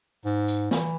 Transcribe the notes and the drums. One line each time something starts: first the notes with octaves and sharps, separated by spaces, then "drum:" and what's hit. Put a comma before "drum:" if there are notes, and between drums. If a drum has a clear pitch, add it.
G#2
drum: tambourine
E3, drum: snare